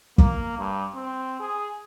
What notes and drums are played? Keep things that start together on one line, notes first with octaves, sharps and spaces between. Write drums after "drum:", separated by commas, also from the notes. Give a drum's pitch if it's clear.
A#3, drum: kick
G2
C4
G#4